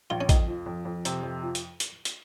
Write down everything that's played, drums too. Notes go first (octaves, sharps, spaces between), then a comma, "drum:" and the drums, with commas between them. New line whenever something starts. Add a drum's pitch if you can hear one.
A#1 F4
C#4
F2 D#4, drum: kick, hi-hat
F3
F2
F2
C3, drum: hi-hat
F2
F3
drum: hi-hat
drum: hi-hat
drum: hi-hat